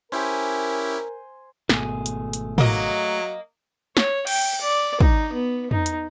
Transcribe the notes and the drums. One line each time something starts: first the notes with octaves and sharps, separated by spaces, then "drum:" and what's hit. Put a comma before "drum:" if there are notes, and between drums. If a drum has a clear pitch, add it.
C#4 E4 G4 A#4 C5 G#5
G#1 B2 A3 G#4, drum: snare
drum: hi-hat
drum: hi-hat
F#3 A#3 D#5, drum: tom
C#5, drum: snare
G5, drum: cymbal
D5
D#4, drum: kick
B3
D#4, drum: tom
drum: hi-hat